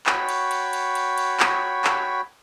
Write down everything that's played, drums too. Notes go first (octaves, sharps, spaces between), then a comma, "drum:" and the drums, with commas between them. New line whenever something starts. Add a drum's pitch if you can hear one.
F#4 C#5 G5 B5, drum: clap
drum: cymbal
drum: cymbal
drum: cymbal
drum: cymbal
drum: cymbal
drum: clap
drum: clap